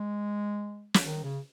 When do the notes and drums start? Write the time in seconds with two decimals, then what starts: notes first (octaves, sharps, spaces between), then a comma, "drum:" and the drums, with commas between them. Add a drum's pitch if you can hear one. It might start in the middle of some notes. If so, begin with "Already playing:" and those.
Already playing: G#3
0.94 drum: snare
1.04 D#3
1.24 C#3